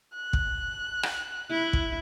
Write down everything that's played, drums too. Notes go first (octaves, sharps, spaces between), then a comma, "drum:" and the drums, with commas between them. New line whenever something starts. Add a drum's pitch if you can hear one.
F#6
drum: kick
drum: rim click
E4
drum: kick